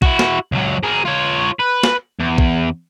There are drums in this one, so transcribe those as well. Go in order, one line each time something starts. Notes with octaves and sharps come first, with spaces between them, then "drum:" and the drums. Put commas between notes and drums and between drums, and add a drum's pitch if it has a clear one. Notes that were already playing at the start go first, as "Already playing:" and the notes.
E4 F#4, drum: kick
drum: snare
C#2 F#3
G#4 A#4
F4 C#5
B4
drum: snare
E2
drum: kick